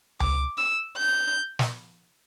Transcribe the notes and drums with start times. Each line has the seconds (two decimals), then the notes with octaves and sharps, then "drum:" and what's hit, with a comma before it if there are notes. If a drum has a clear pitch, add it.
0.20 D6, drum: tom C#2
0.58 E6
0.98 G6
1.59 drum: snare